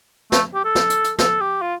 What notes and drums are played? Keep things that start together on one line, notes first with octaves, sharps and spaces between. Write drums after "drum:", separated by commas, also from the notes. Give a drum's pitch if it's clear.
A3, drum: snare
G4
A4
drum: snare
drum: hi-hat
drum: hi-hat
A4, drum: snare
G4
F4